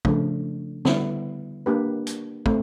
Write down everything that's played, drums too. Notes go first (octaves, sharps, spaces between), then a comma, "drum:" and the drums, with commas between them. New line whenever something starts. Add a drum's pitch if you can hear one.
C#3 F3 A3 D4, drum: kick
D3 G3 B3 E4, drum: snare
A#3 D4 G4 B4
drum: hi-hat
A3 C4, drum: kick